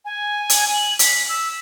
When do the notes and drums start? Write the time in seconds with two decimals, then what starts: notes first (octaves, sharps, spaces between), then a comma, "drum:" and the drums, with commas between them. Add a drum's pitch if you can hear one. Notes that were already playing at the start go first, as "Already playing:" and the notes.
0.05 G#5
0.50 drum: hi-hat
0.73 F#7
0.99 B6, drum: hi-hat
1.29 E6